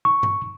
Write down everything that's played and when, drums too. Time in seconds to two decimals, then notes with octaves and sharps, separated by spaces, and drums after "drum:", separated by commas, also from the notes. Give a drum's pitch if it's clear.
0.05 C#6
0.23 drum: tom